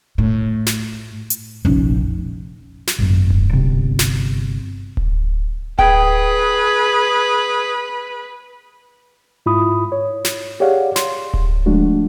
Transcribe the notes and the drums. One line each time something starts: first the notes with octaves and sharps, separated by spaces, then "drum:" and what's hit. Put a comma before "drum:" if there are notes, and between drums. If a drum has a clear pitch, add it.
A2
drum: snare
drum: hi-hat
F1 A#1 C#4 D#4
drum: snare
G#1 F#2
drum: kick D1
G1 C3
drum: snare
drum: kick D1
G#4 B4 G5, drum: kick D1
G#2 E4 F4 B5 D#6
C#5
drum: snare
G4 G#4 C#5 D5 F5 F#5
C6, drum: snare
drum: kick D1
F3 G#3 A3 D4 F#4